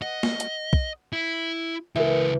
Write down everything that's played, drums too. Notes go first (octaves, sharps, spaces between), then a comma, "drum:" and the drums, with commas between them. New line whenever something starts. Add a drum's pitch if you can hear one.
D#5 F#5
drum: snare
drum: hi-hat
drum: kick
E4
C#2 E3 A4 A#4 E5